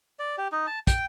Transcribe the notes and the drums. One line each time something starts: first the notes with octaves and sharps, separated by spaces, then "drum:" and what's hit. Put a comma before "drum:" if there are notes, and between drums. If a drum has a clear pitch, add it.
D5
G4
D#4
A5
G5, drum: kick, hi-hat